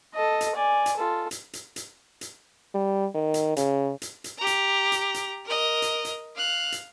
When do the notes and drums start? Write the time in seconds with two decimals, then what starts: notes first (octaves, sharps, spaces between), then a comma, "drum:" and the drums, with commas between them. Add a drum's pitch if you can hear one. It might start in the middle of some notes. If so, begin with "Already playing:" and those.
0.15 A4 D#5
0.41 drum: hi-hat
0.56 D5 G#5
0.86 drum: hi-hat
0.97 F4 A4
1.31 drum: hi-hat
1.53 drum: hi-hat
1.76 drum: hi-hat
2.21 drum: hi-hat
2.74 G3
3.15 D#3
3.34 drum: hi-hat
3.56 C#3, drum: hi-hat
4.02 drum: hi-hat
4.24 drum: hi-hat
4.37 G4 A#5
4.47 drum: hi-hat
4.92 drum: hi-hat
5.14 drum: hi-hat
5.45 A#4 D#5
5.82 drum: hi-hat
6.05 drum: hi-hat
6.35 F5 F#6
6.72 drum: hi-hat